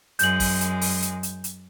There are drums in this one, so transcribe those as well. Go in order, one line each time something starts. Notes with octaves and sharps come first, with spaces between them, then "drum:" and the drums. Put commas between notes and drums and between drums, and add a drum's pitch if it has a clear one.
F#2 G#3 G6 F#7, drum: hi-hat
drum: kick, open hi-hat
drum: hi-hat
drum: open hi-hat
drum: hi-hat
drum: hi-hat
drum: hi-hat